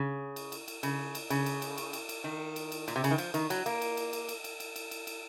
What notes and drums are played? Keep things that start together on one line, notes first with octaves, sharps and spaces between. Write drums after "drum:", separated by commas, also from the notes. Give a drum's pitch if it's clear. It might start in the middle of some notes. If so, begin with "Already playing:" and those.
Already playing: C#3
drum: cymbal
drum: cymbal
drum: cymbal
C#3, drum: cymbal
drum: cymbal
C#3, drum: cymbal
drum: cymbal
drum: cymbal
drum: cymbal
drum: cymbal
drum: cymbal
D#3
drum: cymbal
drum: cymbal
A#2, drum: cymbal
C3
C#3, drum: cymbal
D#3
F3, drum: cymbal
D#3, drum: cymbal
F#3, drum: cymbal
A#3, drum: cymbal
drum: cymbal
drum: cymbal
drum: cymbal
drum: cymbal
drum: cymbal
drum: cymbal
drum: cymbal
drum: cymbal
drum: cymbal